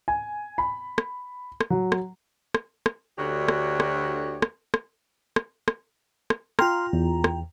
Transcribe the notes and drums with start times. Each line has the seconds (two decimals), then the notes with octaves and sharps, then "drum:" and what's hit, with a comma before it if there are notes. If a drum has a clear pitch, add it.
0.08 G#5
0.58 B5
0.98 drum: rim click
1.61 drum: rim click
1.70 F#3
1.92 drum: rim click
2.54 drum: rim click
2.86 drum: rim click
3.17 D2 D3 F#4 G4 C#5
3.48 drum: rim click
3.80 drum: rim click
4.42 drum: rim click
4.74 drum: rim click
5.36 drum: rim click
5.68 drum: rim click
6.30 drum: rim click
6.59 F4 G5 A#5 C6 F6, drum: rim click
6.93 E2
7.24 drum: rim click